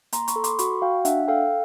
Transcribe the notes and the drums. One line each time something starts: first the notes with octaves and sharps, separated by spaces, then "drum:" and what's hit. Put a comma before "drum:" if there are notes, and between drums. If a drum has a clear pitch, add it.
A#3 A#5 C6, drum: hi-hat
B5 C#6, drum: hi-hat
A4
C6 D6, drum: hi-hat
F#4 B5 C#6, drum: hi-hat
F#4 F5 G5
D4 E5 F#5, drum: hi-hat
A4 F5 G5